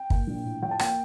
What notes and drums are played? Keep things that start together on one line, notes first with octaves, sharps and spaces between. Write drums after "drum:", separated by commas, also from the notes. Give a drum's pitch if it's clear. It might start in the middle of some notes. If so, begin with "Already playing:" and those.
Already playing: G5
A#3, drum: kick
A#1
A2
F3 G5
A5
A#3 G5, drum: rim click